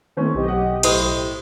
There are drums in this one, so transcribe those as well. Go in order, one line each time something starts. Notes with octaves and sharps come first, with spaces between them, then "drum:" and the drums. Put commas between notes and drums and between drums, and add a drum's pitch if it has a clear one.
D#3 E3 A3 A#3 C4 C#4
B1 G4 D#5
F#5
A2 C5 D#6, drum: cymbal